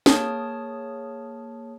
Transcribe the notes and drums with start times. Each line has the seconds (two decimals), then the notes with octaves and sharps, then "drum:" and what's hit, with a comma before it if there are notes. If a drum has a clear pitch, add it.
0.06 A#3 G#4 C#5 A5 D#6 F6, drum: snare